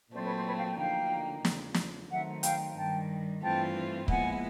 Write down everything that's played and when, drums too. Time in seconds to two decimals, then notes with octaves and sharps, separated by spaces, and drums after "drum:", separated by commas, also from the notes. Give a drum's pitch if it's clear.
0.13 A#2 F#3 A3 C4 C5 D5
0.24 B4 C#5
0.35 C5
0.46 B4 C#5
0.57 F5 G5
0.68 G5 A5
0.78 D2 D3 F3 A#3 D#4 F5 G5
1.45 E2 C#3 F3, drum: snare
1.74 drum: snare
2.10 D#3 F#3 A3 C4 D#4 E5 F#5
2.43 F5 G5, drum: hi-hat
2.76 G2 D#3 G3 G5 A5
3.42 G2 E3 A3 C4 F4 G5 A5
4.08 A#2 F3 G#3 B3 E4 F#5 G#5, drum: kick